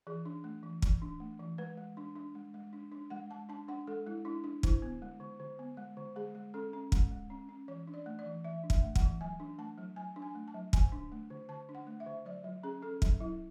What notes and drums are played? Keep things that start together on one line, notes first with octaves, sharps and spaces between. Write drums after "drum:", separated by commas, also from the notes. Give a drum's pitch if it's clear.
E3 G#4
D4
A3
E3
E3, drum: kick
D4
A3
E3
G#3 B4
G#3
D4
D4
G#3
G#3
D4
D4
G#3 F#5
G#3 A5
D4 A5
D4 F#5
G#3 A4
G#3 E4
D4 E4
D4
D3 E4, drum: kick
B3
G#3
D3
D3
B3
G#3
D3
G#3 G#4
G#3
C#4 A4
C#4
G#3, drum: kick
G#3
C#4
C#4
E3 C#5
D4
D5
A3
D5
E3
E3 E5
D4
E5, drum: kick
A3
F#5, drum: kick
E3
F#3 G#5
D4
A3 A5
F#3
F#3 G#5
D4
G#5
A3
A5
F#3
D3 G#5, drum: kick
D4
A3
D3
D3 A5
D4
F#5
A3
E5
D3
F#3 D5
F#3
C#4 G#4
C#4 A4
F#3, drum: kick
F#3 E4